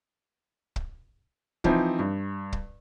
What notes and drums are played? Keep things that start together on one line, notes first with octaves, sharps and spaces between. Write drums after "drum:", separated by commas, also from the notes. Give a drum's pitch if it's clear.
drum: kick
E3 F3 C4 D#4, drum: kick
G2
drum: kick